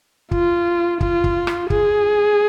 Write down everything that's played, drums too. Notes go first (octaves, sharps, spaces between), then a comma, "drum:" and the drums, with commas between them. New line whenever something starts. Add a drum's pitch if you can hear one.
F4, drum: kick
F4, drum: kick
drum: kick
drum: rim click
G#4, drum: kick